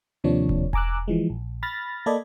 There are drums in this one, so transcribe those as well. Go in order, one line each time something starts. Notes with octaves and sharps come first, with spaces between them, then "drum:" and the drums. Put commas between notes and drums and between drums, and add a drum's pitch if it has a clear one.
D#2 C3 F3 A#3 D4 C#5
drum: kick E1
G#5 A#5 D6 E6 F#6, drum: kick E1
E3 F3 G#3
A#1
B5 F6 A6 A#6
A#3 A4 D5 D#5 B5 G#6